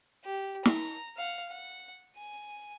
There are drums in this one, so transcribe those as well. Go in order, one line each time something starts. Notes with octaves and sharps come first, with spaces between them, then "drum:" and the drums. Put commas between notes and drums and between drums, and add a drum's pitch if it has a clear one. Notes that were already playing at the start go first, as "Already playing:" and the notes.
G4
A#5, drum: snare
F5 F#5
F#5
G#5